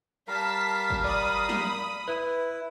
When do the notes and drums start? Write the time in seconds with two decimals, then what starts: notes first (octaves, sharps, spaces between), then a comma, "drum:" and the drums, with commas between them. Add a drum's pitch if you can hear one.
0.28 G3 A#4 F5 A5 B6
0.90 drum: kick G#1
1.04 D5 B5 D#6
1.49 drum: snare
2.08 E4 B4